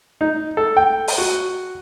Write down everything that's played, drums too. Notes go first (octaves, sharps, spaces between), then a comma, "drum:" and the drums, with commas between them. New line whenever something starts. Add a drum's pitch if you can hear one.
D#4
A4
G5
drum: open hi-hat
F#4